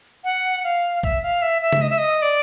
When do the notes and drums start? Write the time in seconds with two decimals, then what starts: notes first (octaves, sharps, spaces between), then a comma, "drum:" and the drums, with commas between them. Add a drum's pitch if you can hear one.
0.24 F#5
0.64 F5
1.03 E5, drum: kick
1.23 F5
1.42 E5
1.62 E5
1.73 drum: tom C#3
1.82 D#5
1.90 E5
1.98 D#5
2.22 D5